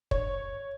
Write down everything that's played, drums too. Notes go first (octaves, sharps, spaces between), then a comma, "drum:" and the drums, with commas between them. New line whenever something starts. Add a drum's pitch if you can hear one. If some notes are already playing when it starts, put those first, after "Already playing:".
C#5, drum: kick